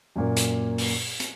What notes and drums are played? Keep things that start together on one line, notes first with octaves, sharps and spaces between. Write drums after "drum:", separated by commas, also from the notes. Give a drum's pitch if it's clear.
F#2 A#2 A#3
drum: hi-hat
drum: open hi-hat
drum: hi-hat